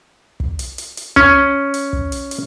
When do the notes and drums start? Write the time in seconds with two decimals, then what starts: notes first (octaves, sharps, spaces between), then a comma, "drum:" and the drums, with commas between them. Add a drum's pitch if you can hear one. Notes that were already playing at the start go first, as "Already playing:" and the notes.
0.40 drum: kick
0.59 drum: hi-hat
0.78 drum: hi-hat
0.97 drum: hi-hat
1.16 C#4, drum: kick
1.74 drum: hi-hat
1.93 drum: kick
2.12 drum: hi-hat
2.31 drum: hi-hat